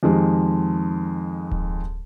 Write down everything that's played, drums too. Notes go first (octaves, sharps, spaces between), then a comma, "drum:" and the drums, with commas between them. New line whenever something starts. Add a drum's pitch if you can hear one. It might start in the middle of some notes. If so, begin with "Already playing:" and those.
F2 D#3 G#3 G4
drum: kick D1